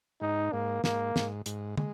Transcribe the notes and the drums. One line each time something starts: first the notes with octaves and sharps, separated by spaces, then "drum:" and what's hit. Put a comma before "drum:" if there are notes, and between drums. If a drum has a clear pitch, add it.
G#2 D#4
G#2 A#3
G#2 A#3, drum: snare
G#2, drum: snare
G#2, drum: hi-hat
G#3, drum: tom